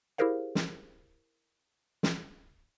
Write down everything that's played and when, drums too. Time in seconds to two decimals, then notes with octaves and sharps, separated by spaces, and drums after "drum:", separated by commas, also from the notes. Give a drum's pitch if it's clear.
0.18 E4 G4 G#4 A#4 C5 F5
0.55 drum: snare
2.03 drum: snare